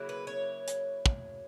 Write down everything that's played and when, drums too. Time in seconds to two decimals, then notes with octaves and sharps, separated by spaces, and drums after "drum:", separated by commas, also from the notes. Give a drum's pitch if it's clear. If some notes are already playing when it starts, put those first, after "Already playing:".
Already playing: C#3 F#3 A#3 E4
0.09 B4
0.27 C#5
0.68 drum: hi-hat
1.06 drum: kick